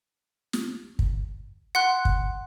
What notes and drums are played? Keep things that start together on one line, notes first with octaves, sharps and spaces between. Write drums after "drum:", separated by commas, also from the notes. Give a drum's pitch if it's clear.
drum: snare
drum: kick
F#5 C6 F#6
drum: kick